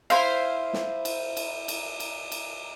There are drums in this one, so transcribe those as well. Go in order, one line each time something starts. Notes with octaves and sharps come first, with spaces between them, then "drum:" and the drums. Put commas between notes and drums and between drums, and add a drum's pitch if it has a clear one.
E4 C5 F5, drum: cymbal
drum: snare
drum: cymbal
drum: cymbal
drum: cymbal
drum: cymbal
drum: cymbal